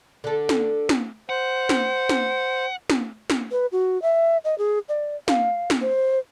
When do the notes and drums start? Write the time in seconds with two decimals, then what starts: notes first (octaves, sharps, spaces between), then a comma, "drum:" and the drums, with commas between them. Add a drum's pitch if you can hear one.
0.24 D3 A4
0.49 drum: snare
0.89 drum: snare
1.29 C5 F#5
1.69 drum: snare
2.09 drum: snare
2.90 drum: snare
3.30 drum: snare
3.51 B4
3.72 F#4
4.02 E5
4.44 D#5
4.58 G#4
4.89 D5
5.28 F5, drum: snare
5.70 drum: snare
5.81 C5